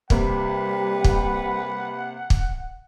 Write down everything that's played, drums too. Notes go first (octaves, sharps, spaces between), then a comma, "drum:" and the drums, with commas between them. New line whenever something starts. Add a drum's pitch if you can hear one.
C3 G3 A#3 B4 F#5, drum: kick
drum: kick
drum: kick